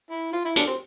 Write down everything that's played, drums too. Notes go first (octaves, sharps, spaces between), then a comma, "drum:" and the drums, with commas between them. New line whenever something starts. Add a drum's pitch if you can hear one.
E4
F4
E4
D4, drum: hi-hat
C4